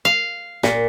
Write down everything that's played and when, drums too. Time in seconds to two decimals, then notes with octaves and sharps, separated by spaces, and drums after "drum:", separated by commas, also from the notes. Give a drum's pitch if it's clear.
0.05 F5
0.63 A#2, drum: snare